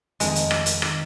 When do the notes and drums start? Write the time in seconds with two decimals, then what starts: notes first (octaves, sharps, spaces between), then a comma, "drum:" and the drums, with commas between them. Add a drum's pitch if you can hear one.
0.20 F1 F2 D#3 G#3, drum: hi-hat
0.35 drum: hi-hat
0.51 drum: rim click
0.66 drum: hi-hat
0.82 D#3, drum: rim click